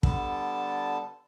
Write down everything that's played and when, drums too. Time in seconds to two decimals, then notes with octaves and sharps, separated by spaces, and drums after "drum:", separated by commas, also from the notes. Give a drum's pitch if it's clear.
0.03 D3 G3 B3 A4 A5, drum: kick